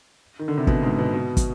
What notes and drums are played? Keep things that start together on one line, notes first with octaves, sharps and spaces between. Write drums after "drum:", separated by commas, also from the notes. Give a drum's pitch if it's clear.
D#3
D3
C3
B2, drum: kick
G#2
B2
B2
drum: kick, hi-hat